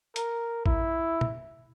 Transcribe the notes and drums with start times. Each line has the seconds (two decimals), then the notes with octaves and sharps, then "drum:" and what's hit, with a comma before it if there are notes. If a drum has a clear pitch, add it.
0.16 A#4, drum: hi-hat
0.66 E4, drum: kick
1.21 drum: tom